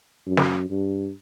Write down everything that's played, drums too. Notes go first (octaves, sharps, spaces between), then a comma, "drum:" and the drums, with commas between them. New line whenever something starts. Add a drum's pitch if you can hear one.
F#2
drum: snare
G2